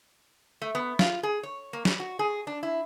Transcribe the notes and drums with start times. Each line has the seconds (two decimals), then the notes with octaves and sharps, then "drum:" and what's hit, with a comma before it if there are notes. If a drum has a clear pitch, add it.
0.62 A3
0.75 B3
0.99 F4, drum: snare
1.23 G#4
1.43 C#5
1.73 A#3
1.85 G3, drum: snare
2.00 F#4
2.19 G#4
2.47 D4
2.63 E4